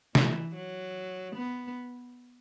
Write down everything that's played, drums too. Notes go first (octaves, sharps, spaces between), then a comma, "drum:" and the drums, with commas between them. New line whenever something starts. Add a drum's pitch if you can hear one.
E3, drum: snare
F#3
B3